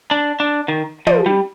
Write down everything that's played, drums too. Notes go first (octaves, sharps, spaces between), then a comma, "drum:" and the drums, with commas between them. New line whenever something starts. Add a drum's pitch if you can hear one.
D4
D4
D#3
F3, drum: tom
G3